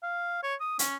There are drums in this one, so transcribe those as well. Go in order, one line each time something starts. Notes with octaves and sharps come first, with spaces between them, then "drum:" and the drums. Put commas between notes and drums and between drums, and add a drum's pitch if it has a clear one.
F5
C#5
D#6
C#4, drum: hi-hat